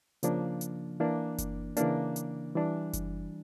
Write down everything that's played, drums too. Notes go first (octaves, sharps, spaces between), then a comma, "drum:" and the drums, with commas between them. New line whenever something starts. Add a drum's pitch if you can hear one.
C#3 F3 A#3 D4, drum: hi-hat
drum: hi-hat
E3 A#3 D4
drum: kick F#1, hi-hat
C#3 E3 A#3 D4, drum: hi-hat
drum: hi-hat
E3 G3 D4
drum: kick F#1, hi-hat